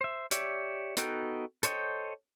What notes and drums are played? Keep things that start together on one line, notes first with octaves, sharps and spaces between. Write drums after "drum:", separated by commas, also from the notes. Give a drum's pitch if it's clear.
C5 E5
G4 C#5 D5 E5, drum: hi-hat
B3 D#4 F#4 A4 G5, drum: hi-hat
A4 C5 C#5 D#5 G5, drum: hi-hat